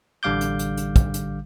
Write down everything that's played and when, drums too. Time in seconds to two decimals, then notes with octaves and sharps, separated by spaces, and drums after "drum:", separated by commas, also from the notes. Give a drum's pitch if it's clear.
0.23 A1 D3 G3 F5 D6 G6
0.41 drum: hi-hat
0.59 drum: hi-hat
0.77 drum: hi-hat
0.96 drum: kick, hi-hat
1.14 drum: hi-hat